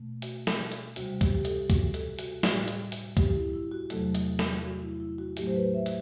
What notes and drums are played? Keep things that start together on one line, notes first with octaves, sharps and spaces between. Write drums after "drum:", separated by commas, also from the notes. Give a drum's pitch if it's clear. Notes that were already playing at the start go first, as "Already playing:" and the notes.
Already playing: B2 A3
F#4, drum: hi-hat
drum: snare
drum: hi-hat
D2 C3 G3 F#4, drum: hi-hat
G4, drum: kick, hi-hat
G4
A4, drum: hi-hat
F#4, drum: kick, hi-hat
A4, drum: hi-hat
F#4, drum: hi-hat
A2 G3 F#4, drum: snare
drum: hi-hat
drum: hi-hat
G4, drum: kick, hi-hat
E4
E4
F#4
E2 C3 F#3 A3 A4, drum: hi-hat
drum: hi-hat
drum: snare
F#4
E4
E4
F#4
A2 F#3 A3 G4, drum: hi-hat
C5
B4
E5
drum: hi-hat